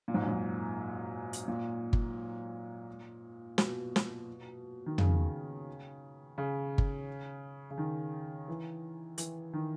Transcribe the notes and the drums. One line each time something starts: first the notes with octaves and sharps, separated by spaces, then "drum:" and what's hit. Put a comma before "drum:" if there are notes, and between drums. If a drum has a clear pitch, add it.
A#2
G#2
F#2
G#2
drum: hi-hat
A#2
drum: kick G1
B2, drum: snare
drum: snare
D#3
C#3, drum: tom
C#3
drum: kick G1
C#3
D#3
E3
E3, drum: hi-hat
D#3